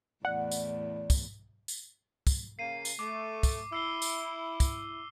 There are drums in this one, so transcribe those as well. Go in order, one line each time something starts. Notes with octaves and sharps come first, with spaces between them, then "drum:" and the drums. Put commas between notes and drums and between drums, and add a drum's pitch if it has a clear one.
E2 A2 D5 F#5
drum: tambourine
drum: kick, tambourine
drum: tambourine
drum: kick, tambourine
C#3 A#3 C7 D#7
drum: tambourine
A3 D6
drum: kick, tambourine
E4 E6 C7 G7
drum: tambourine
drum: kick, tambourine